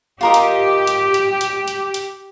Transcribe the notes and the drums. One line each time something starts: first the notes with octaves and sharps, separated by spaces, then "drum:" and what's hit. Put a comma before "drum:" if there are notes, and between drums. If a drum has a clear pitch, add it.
F4 G4 A#4 D#5
drum: hi-hat
drum: hi-hat
drum: hi-hat
drum: hi-hat
drum: hi-hat
drum: hi-hat